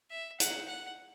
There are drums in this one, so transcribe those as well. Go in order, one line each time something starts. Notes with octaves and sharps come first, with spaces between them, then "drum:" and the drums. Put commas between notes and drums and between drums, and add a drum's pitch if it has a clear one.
E5
F#5, drum: hi-hat
F#5